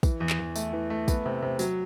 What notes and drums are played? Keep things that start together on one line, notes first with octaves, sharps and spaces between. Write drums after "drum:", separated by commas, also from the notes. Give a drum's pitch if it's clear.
E3, drum: kick, tambourine
E2
drum: clap
E2
A3, drum: tambourine
E3
A3
B3, drum: kick, tambourine
C3
C3
F#3, drum: tambourine